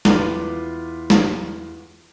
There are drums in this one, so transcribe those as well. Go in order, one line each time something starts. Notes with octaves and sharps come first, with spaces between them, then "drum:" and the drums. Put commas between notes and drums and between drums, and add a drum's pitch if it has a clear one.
E2 F4 B4 D6, drum: snare
drum: snare